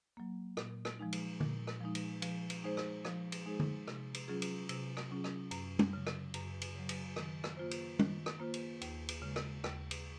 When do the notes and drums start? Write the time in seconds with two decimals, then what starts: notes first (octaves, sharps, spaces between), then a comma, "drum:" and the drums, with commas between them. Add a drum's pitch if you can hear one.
0.17 F#3 A#3
0.57 A#2, drum: rim click
0.85 drum: rim click
0.99 F3 G#3 D#4
1.12 drum: cymbal
1.40 A#2, drum: tom D3
1.67 drum: rim click
1.81 F3 G#3 D#4
1.95 drum: cymbal
2.22 F3, drum: cymbal
2.50 drum: cymbal
2.64 G#3 D#4 G#4 C5
2.77 drum: rim click
3.05 F3, drum: rim click
3.32 drum: cymbal
3.46 G#3 D#4 G#4 C5
3.60 drum: tom D3
3.88 C3, drum: rim click
4.14 drum: cymbal
4.28 F#3 C#4 F4 G#4
4.42 drum: cymbal
4.69 C3, drum: cymbal
4.97 drum: rim click
5.11 F#3 C#4 F4 G#4
5.24 drum: rim click
5.51 F#2, drum: cymbal
5.79 drum: tom
5.93 C#3 F#3
6.07 drum: rim click
6.34 F#2, drum: cymbal
6.61 drum: cymbal
6.75 C#3 F#3
6.89 drum: cymbal
7.16 D#3, drum: rim click
7.44 drum: rim click
7.57 A#3 F4 C5
7.71 drum: cymbal
7.99 D#3, drum: tom
8.26 drum: rim click
8.40 A#3 F4 C5
8.54 drum: cymbal
8.81 D#2, drum: cymbal
9.09 drum: cymbal
9.22 C#3 G#3
9.36 drum: rim click
9.64 D#2, drum: rim click
9.91 drum: cymbal